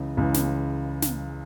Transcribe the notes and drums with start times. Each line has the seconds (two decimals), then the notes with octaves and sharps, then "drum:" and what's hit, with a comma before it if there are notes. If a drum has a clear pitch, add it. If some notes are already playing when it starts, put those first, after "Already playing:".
Already playing: C#2 C#3 E3
0.17 C#2 C#3 E3
0.34 drum: snare
1.02 drum: snare